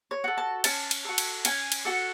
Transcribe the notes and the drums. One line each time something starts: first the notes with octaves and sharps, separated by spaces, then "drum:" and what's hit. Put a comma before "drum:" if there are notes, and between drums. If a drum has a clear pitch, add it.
C#5
F#4 A4
A5
C#4 A5, drum: cymbal
drum: cymbal
F#4 A4
drum: cymbal
C#4 G#5, drum: cymbal
drum: cymbal
F#4 A4 F#5